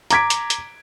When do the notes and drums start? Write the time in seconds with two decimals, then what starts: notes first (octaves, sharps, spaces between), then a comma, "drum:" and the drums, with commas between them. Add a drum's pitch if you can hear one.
0.10 A#5 D6 G#6 B6 D7, drum: hi-hat
0.30 drum: hi-hat
0.50 drum: hi-hat